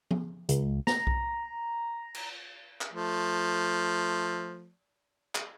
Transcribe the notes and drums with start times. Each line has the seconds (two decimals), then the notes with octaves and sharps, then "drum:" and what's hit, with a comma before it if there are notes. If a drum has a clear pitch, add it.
0.11 drum: tom F3
0.49 C#2, drum: hi-hat
0.87 A#5, drum: snare
1.07 drum: kick B1
2.14 drum: cymbal
2.81 drum: clap
2.93 F3 A3
5.35 drum: clap